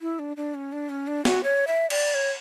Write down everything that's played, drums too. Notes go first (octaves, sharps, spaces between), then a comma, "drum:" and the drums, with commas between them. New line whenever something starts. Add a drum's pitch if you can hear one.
E4
D4
D4
C#4
D4
C#4
D4
F#4, drum: snare
C#5
E5
D5, drum: cymbal
C#5